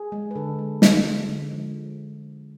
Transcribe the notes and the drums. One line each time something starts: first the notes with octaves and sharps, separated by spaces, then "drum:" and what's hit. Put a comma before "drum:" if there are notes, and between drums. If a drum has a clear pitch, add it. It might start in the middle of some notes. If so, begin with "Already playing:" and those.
Already playing: G#4
G#3
B4
D3 A4
G#3
D3, drum: snare
F3 G#3
D3
F3 G#3